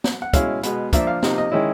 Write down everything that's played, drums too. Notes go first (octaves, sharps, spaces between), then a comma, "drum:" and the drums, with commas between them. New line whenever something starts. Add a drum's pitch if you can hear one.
drum: snare B3
F#5
B2 G#3 C#4 E4 F5, drum: kick, hi-hat
B2 G#3 B3, drum: hi-hat
F3 A#3 D4 E5, drum: kick, hi-hat
F5
C3 F3 A#3 D#4, drum: snare B3
D#5
D#3 G#3 C#4 E4